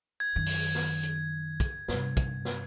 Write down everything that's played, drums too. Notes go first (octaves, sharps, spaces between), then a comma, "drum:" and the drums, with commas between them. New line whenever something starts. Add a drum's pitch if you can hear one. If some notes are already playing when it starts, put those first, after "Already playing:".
G#6
F#2 D#3
drum: open hi-hat
drum: snare
drum: hi-hat
drum: kick, hi-hat
G2 C3, drum: snare
drum: kick, hi-hat
drum: snare